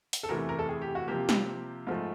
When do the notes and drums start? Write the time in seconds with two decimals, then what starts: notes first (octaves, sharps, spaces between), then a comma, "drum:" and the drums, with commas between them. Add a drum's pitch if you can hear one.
0.13 drum: hi-hat
0.23 A4
0.29 E2 C3 E3 A3 A#4
0.49 A#4
0.59 A4
0.69 G#4
0.82 G4
0.95 F#4
1.08 C3 F3 A#3 G4
1.29 drum: snare
1.87 G#2 F3 A3